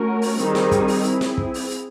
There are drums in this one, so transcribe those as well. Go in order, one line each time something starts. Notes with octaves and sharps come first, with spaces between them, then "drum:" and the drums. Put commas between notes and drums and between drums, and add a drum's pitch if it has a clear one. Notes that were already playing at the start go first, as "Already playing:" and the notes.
Already playing: A3 C#4 F#4 A#4
drum: open hi-hat
D#3 G3 C4 D#4 G#4, drum: hi-hat
drum: snare
drum: kick, hi-hat
drum: open hi-hat
C4 E4 G#4, drum: hi-hat
drum: snare
drum: kick
drum: open hi-hat
drum: hi-hat